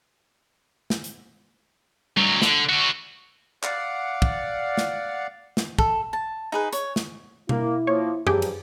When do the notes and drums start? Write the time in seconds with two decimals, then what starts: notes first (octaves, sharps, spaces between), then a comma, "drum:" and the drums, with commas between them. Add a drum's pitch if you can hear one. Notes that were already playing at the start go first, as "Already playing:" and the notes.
0.90 drum: snare
1.04 drum: hi-hat
2.17 D2 F#3, drum: tom G3
2.42 D3, drum: snare
2.69 D3 F#4
3.63 D5 F5 F#5, drum: clap
4.22 drum: kick
4.77 drum: snare
5.57 drum: snare
5.79 A4, drum: kick
6.13 A5
6.52 D#4 G#4 B4
6.73 C#5, drum: hi-hat
6.96 drum: snare
7.49 A#3 E4, drum: tom B2
7.87 F3 A#3 C#5
8.27 G2 F3 F#3 G4 G#4, drum: tom F#2
8.42 drum: cymbal